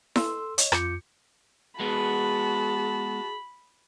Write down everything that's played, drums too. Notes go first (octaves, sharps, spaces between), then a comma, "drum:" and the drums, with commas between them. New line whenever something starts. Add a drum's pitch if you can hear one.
A4 C6 E6, drum: snare E4
C#5 D#5, drum: hi-hat
F2 F4 D6 G6 C#7, drum: rim click
G#3 B3 F#4 G#4 A5 B5